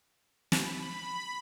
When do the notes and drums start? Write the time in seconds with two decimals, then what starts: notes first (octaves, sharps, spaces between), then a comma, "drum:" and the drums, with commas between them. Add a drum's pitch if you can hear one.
0.52 B5, drum: snare